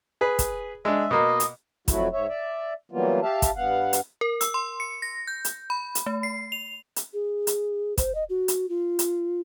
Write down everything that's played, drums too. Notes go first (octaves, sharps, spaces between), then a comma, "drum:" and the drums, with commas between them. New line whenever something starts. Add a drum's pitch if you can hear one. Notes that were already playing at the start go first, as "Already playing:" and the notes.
G#4 B4
drum: kick, hi-hat
G#3 D4 E5
B2 A#3 D#5
drum: hi-hat
F2 F#3 A3 E4 F#4, drum: kick, hi-hat
G#2 C#5 E5
D5 E5
E3 F#3 G3 A#3 B3 F4
G4 E5 F5 A5
drum: kick, hi-hat
G2 B3 F5 F#5
drum: hi-hat
A#4
E6, drum: hi-hat
C6
C#7
A#6
G6
drum: hi-hat
B5
drum: hi-hat
A3
C7
F7
drum: hi-hat
G#4
drum: hi-hat
C5, drum: kick, hi-hat
D#5
F#4
drum: hi-hat
F4
drum: hi-hat